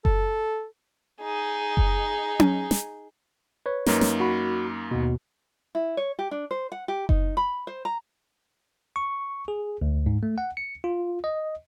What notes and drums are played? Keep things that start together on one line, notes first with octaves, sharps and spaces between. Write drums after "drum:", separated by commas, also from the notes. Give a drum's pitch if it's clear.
A4, drum: kick F#1
D#4 G#4
drum: kick F#1
drum: tom C#4
drum: snare
B4 C#5
F#2 A#3 D#4, drum: snare
drum: snare
F#4 B5
D#2 B2
E4
C#5
G4
D4
C5
F#5
G4
D#4, drum: kick F#1
B5
C5
A#5
C#6
G#4
D2
G#2
A3
F#5
C#7
F4
D#5